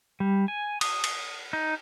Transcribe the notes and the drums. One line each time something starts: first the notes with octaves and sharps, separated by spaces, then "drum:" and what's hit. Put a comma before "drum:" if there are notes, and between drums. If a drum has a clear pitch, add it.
G3
G#5
D#6, drum: cymbal
drum: cymbal
D#4